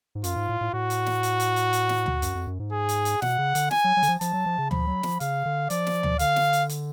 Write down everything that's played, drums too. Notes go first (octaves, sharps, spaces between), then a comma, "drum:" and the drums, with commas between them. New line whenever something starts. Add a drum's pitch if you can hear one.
G#2
F#2 F4, drum: hi-hat
G#2
A2
A2
A2 F#4
drum: hi-hat
drum: snare
drum: hi-hat
drum: hi-hat
drum: hi-hat
drum: hi-hat
drum: snare
drum: tom D2
F#2, drum: hi-hat
F2
F#2
G#2
G#4
drum: hi-hat
drum: hi-hat
B2 F#5, drum: snare
C#3
D3, drum: hi-hat
G#5, drum: snare
F#3
F#3
D3, drum: hi-hat
F3
F3 A5, drum: hi-hat
F#3
F3
C#3
F3 B5, drum: tom D2
F#3
F3, drum: snare
C#3 F5, drum: hi-hat
D3
F3 D5, drum: hi-hat
drum: snare
drum: tom D2
D3 F5, drum: hi-hat
drum: snare
drum: hi-hat
drum: hi-hat